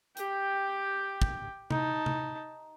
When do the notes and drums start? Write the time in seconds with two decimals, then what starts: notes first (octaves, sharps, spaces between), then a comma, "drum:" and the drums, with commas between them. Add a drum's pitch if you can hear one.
0.17 G4 G5, drum: hi-hat
1.22 drum: kick
1.71 D#4 A5, drum: tom C3
2.06 drum: tom C3